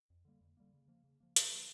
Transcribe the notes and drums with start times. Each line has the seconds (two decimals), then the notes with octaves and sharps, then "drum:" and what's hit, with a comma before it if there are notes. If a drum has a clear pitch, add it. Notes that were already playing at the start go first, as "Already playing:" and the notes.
0.10 F2
0.25 D3 G3 A#3
0.41 F2
0.57 D3 G3 A#3
0.73 C#3
0.88 F3 A#3
1.04 C#3
1.20 F3 A#3
1.36 D3, drum: hi-hat
1.52 F3 A#3